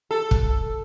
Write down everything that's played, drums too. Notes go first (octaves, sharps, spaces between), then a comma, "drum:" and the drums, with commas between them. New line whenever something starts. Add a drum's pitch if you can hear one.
A4
drum: kick